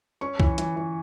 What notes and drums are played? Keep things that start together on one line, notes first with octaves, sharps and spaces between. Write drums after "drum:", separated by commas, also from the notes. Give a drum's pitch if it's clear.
C#4 C#6
E3, drum: kick C2
E3, drum: hi-hat
E3